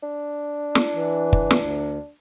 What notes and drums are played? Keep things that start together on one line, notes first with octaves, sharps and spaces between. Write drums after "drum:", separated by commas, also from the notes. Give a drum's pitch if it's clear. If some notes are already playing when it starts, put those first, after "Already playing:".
D4
drum: snare
E3
drum: kick
drum: snare
D2